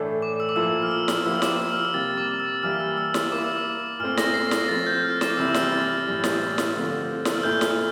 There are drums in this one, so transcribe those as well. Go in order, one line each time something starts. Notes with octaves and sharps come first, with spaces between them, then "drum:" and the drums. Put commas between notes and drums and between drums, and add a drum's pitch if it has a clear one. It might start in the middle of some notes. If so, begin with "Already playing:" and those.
Already playing: A2 E3 A3 D4 A4
D6
E6
D6
A#2 F3 A#3 E4 A4 E6
F6
E6
drum: snare
F3 A#3 E4 G4 E6
D6, drum: snare
E6
F6
E6
C3 G3 A#3 A6
D6
E6
E3 G3 A#3 E4 G4 F6
E6
E6
drum: snare
A#3 E4 A#4 D6
E6
D6
A#2 A3 C4 F6
A#6, drum: snare
C7
A#6, drum: snare
F3 A3 C4 A6
G6
F6
D6, drum: snare
D6
C3 E3 G3 C4 E4 E6
F6, drum: snare
A6
A6
A2 E3 G3
drum: snare
drum: snare
D3 F3 A3 C4 F4
E6, drum: snare
F6
A#2 A3 E4 A4 G6
drum: snare